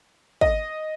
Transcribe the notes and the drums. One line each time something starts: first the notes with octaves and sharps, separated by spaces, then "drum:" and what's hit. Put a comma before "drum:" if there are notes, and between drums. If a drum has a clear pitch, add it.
D#5, drum: kick